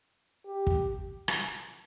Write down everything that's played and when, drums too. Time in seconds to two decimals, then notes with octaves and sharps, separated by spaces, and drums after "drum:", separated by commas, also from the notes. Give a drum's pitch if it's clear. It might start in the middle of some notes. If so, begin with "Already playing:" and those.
0.46 G4
0.67 drum: kick
1.28 drum: rim click